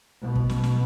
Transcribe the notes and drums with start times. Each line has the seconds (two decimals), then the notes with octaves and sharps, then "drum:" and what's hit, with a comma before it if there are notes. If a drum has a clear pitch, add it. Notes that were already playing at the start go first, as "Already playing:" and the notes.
0.22 B2
0.35 drum: kick
0.49 drum: snare
0.64 drum: snare